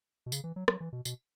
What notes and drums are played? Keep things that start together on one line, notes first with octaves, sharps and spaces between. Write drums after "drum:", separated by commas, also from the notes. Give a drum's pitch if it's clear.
B2
C#3, drum: tambourine
E3
F#3
F#3, drum: rim click
E3
B2
B2, drum: tambourine